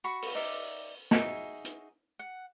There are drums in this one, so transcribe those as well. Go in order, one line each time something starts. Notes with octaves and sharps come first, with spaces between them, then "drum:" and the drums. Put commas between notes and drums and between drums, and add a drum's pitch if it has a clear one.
F#4 B5 C#6
drum: open hi-hat
D#4 A#4 D5 E5
D#4 F#4 G#4 E5, drum: snare
drum: hi-hat
F#5